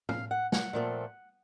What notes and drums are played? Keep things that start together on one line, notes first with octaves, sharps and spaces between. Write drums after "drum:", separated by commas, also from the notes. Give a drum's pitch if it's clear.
F5, drum: tom
F#5
F#5, drum: snare
A#2 F3 A3 C4